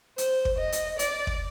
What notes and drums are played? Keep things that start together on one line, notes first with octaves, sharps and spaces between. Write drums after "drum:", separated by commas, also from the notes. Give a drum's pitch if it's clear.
C5, drum: hi-hat
drum: kick
D#5
drum: hi-hat
D5, drum: hi-hat
drum: kick